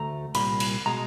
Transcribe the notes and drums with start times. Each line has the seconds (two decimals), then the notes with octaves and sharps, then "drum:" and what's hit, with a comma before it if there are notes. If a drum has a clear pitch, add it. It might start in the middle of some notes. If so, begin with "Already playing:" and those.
Already playing: D2 A3 A#5
0.35 C2 A#2 G3 B5, drum: cymbal
0.60 drum: cymbal
0.86 B2 G#3 A#5